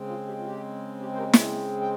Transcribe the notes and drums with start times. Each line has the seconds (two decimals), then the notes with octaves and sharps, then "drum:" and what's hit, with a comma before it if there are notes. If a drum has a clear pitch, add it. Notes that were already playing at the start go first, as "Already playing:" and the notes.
Already playing: C#3 G#3 C4
0.09 F4
0.27 G4
0.38 F4
0.46 G4
1.00 G4
1.12 C5
1.18 G4 A#4
1.33 drum: snare
1.81 G5